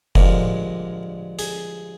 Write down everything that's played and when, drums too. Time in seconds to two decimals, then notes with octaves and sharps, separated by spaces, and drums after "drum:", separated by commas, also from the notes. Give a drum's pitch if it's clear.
0.15 G2 D3 F3 G#3 A#4, drum: kick F1
1.39 G#4, drum: hi-hat